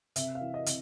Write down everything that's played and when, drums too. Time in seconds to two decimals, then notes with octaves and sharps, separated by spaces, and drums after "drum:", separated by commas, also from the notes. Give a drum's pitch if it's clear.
0.16 C3 E5, drum: hi-hat
0.35 F5
0.41 E3
0.54 D#5
0.66 C3, drum: hi-hat